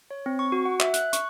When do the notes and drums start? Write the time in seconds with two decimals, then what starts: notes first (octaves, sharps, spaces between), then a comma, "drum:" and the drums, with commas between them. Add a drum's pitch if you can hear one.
0.11 C#5
0.26 C4
0.39 C#6
0.52 F#4
0.65 F#5
0.80 E5, drum: clap
0.94 F#6, drum: hi-hat
1.13 C#6, drum: hi-hat